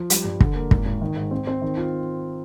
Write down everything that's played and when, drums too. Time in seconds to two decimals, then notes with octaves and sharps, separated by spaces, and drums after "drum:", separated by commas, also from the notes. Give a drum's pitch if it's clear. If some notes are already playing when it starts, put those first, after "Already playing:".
Already playing: F3
0.10 G3, drum: hi-hat
0.24 G2
0.41 D3, drum: kick
0.55 A#3
0.71 G#1, drum: kick
0.85 G#1
1.02 D#3
1.16 G#2
1.31 C4
1.47 C4
1.62 D#3
1.77 F4